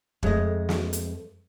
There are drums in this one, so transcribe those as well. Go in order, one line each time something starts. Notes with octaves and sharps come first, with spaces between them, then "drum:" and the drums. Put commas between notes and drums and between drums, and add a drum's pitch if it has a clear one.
F2 G#3 A3 D#5, drum: kick
drum: snare
drum: hi-hat